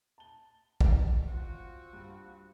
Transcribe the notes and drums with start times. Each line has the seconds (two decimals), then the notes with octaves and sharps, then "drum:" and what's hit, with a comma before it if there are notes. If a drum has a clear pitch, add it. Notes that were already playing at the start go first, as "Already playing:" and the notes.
0.18 A5 G7
0.81 drum: kick
1.27 C4 F4 F#4
1.93 G2